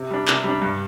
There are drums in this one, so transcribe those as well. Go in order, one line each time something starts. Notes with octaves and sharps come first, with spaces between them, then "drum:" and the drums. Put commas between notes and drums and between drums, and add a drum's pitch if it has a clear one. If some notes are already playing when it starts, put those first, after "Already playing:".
Already playing: C3
G3 D4
C3, drum: clap
G3 D4
G2